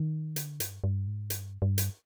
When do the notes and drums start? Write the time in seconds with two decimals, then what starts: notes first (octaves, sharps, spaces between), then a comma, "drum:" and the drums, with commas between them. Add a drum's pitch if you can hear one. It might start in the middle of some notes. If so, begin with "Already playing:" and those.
Already playing: D#3
0.36 D3, drum: hi-hat
0.60 G2, drum: hi-hat
0.84 G2
1.07 G#2
1.30 G2, drum: hi-hat
1.62 G2
1.78 drum: hi-hat